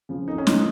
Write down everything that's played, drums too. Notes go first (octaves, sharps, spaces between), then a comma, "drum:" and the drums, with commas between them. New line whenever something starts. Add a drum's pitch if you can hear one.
C#3 F3
F2 D#4
C#4
C#3 F3 D#4, drum: snare